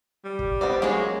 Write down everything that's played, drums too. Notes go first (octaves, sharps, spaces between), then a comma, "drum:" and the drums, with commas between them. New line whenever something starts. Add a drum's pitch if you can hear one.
G3
drum: kick
B3 C4 D5
F#3 G#3 A#3 C#4, drum: snare